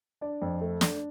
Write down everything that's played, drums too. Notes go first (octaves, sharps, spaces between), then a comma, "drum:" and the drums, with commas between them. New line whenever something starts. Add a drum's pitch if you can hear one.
D4 D5
F2
A3
D4, drum: snare